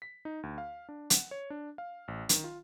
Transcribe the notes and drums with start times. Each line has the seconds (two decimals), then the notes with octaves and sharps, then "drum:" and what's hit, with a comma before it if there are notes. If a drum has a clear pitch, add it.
0.02 B6
0.25 D#4
0.43 D2
0.58 F5
0.89 D4
1.10 F#5, drum: hi-hat
1.31 C#5
1.50 D4
1.78 F5
2.08 A1
2.29 D#3, drum: hi-hat
2.44 F4